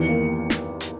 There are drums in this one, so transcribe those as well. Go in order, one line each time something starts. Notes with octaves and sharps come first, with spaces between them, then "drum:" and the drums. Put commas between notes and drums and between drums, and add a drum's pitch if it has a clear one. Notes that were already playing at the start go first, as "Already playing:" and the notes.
Already playing: E2 D#3 C#7
A#3
drum: snare
drum: hi-hat